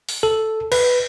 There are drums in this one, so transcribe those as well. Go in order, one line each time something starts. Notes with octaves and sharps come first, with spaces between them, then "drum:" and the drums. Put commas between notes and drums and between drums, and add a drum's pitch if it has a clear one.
drum: open hi-hat
A4
B4, drum: cymbal